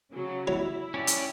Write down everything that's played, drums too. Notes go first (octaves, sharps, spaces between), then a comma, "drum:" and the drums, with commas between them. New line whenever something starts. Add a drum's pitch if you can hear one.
C#3 F#3
F#3 E4
C#4 G4 D5
drum: hi-hat